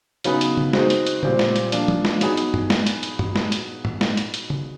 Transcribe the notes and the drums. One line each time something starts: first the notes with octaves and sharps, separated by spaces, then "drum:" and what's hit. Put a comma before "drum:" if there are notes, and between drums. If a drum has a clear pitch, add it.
C#3 F#3 B3 D#4 G#4, drum: hi-hat
drum: hi-hat
drum: tom
G#3 C4 D#4 F#4, drum: snare
drum: hi-hat
drum: hi-hat
A#2 G3 C4, drum: tom
drum: snare
drum: hi-hat
F3 A#3 D4, drum: hi-hat
drum: tom
drum: snare
F#3 B3 D#4 G#4, drum: hi-hat
drum: hi-hat
drum: tom
drum: snare
drum: hi-hat
drum: hi-hat
drum: tom
drum: snare
drum: hi-hat
drum: tom
drum: snare
drum: hi-hat
drum: hi-hat
drum: tom